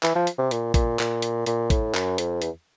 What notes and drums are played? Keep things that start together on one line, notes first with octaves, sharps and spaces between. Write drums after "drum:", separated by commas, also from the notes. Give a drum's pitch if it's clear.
E3, drum: clap
F3
drum: hi-hat
C3
A#2, drum: hi-hat
A#2, drum: kick, hi-hat
A#2, drum: clap
drum: hi-hat
A#2, drum: hi-hat
A2, drum: kick, hi-hat
F#2, drum: clap
F2, drum: hi-hat
E2, drum: hi-hat